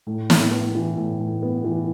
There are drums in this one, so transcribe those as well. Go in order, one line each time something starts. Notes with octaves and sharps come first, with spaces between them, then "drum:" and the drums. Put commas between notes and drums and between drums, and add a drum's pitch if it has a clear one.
A2
A2, drum: snare
B3
E3
A2
A2
B3
E3